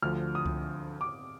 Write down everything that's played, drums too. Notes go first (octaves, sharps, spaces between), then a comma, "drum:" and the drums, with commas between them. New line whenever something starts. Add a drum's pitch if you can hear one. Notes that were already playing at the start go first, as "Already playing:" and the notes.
D2 D3 F3 F6
D#6
drum: kick C#2
D6